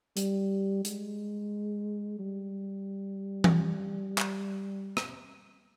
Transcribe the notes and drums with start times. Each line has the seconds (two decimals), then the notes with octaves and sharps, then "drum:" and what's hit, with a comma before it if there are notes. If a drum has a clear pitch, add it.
0.17 G3, drum: hi-hat
0.85 G#3, drum: hi-hat
2.19 G3
3.44 drum: tom E3
4.18 drum: clap
4.97 drum: rim click